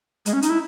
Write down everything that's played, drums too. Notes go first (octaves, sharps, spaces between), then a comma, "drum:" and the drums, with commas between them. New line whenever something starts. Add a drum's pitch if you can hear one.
G#3, drum: hi-hat
C#4
D#4, drum: hi-hat
E4